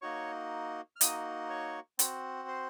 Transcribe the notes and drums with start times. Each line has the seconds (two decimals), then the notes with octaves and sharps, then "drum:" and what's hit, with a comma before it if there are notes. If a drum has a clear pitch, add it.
0.02 A#3 D#4 F#4 C#5 C#6
0.96 F6
1.01 A#3 D#4 F#4 D#5 D#6, drum: hi-hat
1.50 C#5 C#6
1.99 C4 F#4, drum: hi-hat
2.48 C5 C6